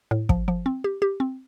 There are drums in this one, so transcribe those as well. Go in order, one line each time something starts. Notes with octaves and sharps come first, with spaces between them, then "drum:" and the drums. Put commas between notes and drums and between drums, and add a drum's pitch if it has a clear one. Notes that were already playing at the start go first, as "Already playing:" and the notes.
A2
F3, drum: kick
F3
C4
G4
G4
C4